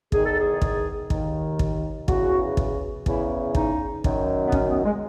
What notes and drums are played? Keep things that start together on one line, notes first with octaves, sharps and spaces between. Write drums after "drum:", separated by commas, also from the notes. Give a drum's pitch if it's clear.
E2 D#3 G#4, drum: kick
A4
G#4
drum: kick
D#2 D#3, drum: kick
drum: kick
E2 C#3 E3 F#4, drum: kick
drum: kick
E2 C#3 E3 E4, drum: kick
D#4, drum: kick
F#2 D#3, drum: kick
B3
C#4, drum: kick
B3
G#3